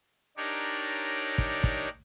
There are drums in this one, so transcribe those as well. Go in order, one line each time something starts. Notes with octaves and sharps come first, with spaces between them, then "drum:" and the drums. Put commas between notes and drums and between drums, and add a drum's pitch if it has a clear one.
D4 D#4 G4 A#4 C#5 D5
drum: kick
drum: kick